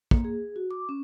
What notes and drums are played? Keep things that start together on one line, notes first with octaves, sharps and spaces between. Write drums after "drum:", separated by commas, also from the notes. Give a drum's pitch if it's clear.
A#3, drum: kick
G#4
F#4
D6
C#4